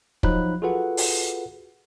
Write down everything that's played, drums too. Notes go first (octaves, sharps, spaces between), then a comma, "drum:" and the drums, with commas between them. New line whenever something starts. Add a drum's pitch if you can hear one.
F3 F#3 D#4 B5 F#6, drum: kick
F4 F#4 G#4 A4 B4 F#5
drum: open hi-hat